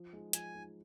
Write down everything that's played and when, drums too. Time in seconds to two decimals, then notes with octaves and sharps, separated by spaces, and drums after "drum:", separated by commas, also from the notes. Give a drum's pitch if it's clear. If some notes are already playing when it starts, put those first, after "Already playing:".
Already playing: F3
0.13 G#3 D#4 G#4
0.33 F3 G#5, drum: hi-hat
0.54 G#3 D#4 G#4